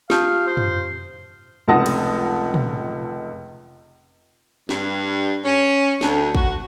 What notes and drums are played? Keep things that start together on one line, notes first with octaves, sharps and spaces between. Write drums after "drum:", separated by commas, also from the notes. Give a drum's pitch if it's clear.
F4 G4 F5 A5 D#6 G6, drum: snare
C5
drum: tom
F1 C#2 F#5 A5 D#6 A#6
drum: cymbal
drum: tom
G2, drum: snare
C#4
D2, drum: snare
F#4, drum: kick